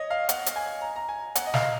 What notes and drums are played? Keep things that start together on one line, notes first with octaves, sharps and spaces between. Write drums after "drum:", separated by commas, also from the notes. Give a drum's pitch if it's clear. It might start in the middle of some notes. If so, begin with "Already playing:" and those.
Already playing: C#5 D#5
F5
F#5, drum: hi-hat
drum: hi-hat
G#5
A#5
A#5
G#5
F#5, drum: hi-hat
D#5
F5, drum: snare